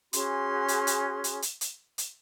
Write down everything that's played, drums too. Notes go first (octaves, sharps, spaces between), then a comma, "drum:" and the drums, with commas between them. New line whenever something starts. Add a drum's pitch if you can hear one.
C#4 F#4 G#4 C6, drum: hi-hat
drum: hi-hat
drum: hi-hat
drum: hi-hat
drum: hi-hat
drum: hi-hat
drum: hi-hat